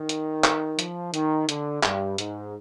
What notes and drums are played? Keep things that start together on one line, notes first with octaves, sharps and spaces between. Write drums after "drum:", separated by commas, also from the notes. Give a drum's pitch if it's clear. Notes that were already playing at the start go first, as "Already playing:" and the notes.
Already playing: D#3
drum: hi-hat
drum: clap
F3, drum: hi-hat
D#3, drum: hi-hat
D3, drum: hi-hat
G2, drum: clap
G#2, drum: hi-hat